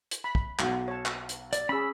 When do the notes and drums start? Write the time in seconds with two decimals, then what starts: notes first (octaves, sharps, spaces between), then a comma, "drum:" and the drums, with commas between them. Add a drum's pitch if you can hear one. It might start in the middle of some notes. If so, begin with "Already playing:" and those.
0.11 drum: hi-hat
0.24 B5
0.35 drum: kick
0.59 B1 F#5, drum: clap
0.88 C#5 A5
1.06 drum: clap
1.29 drum: hi-hat
1.53 D5, drum: hi-hat
1.69 C#4 G#4 B5 E6